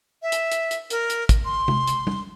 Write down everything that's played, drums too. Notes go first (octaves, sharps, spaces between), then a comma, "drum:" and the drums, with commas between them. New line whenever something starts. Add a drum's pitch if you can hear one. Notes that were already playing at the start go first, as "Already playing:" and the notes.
E5
drum: hi-hat
drum: hi-hat
drum: hi-hat
A#4, drum: hi-hat
drum: hi-hat
drum: kick, hi-hat
C6
drum: tom C3
drum: hi-hat
drum: tom